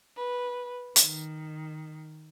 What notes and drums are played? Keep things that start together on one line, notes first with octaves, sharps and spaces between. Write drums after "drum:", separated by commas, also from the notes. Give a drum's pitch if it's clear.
B4
D#3, drum: hi-hat